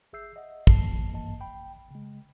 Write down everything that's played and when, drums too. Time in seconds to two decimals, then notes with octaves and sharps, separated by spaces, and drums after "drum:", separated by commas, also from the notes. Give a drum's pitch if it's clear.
0.13 G#1 G#4 E5 E6 G6 C7
0.36 D#5 E5 F#5
0.67 D#3 F3 A#3 A5 C7, drum: kick
1.12 G2 E3 A#3 D#5 A5
1.41 G5 B5
1.91 C#3 G#3